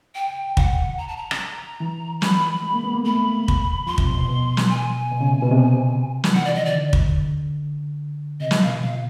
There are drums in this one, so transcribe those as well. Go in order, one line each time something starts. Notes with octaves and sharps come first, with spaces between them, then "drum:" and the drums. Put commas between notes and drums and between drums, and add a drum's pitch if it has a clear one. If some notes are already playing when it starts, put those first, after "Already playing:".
G5
F#5, drum: kick
A#5
A5
A#5
drum: rim click
E3
B5, drum: snare
G#3
A#3
B3
A#3
A3 B5
drum: kick
F3 C6
C3, drum: kick
B2
B2
B2
drum: snare
G#5
B2
C#3
C3
B2
C3
drum: snare
E3 F#5
F3 D5
D#5
D#3 D5
D3
drum: kick
C3 D#5
drum: snare
B2 F5
A#2 F5